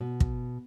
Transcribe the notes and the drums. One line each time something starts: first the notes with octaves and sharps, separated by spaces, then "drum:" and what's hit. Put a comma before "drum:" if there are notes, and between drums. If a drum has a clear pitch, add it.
B2
drum: kick